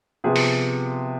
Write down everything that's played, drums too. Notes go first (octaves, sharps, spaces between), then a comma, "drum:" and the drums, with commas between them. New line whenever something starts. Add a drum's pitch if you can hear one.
C3 F3 B3 G#4
drum: open hi-hat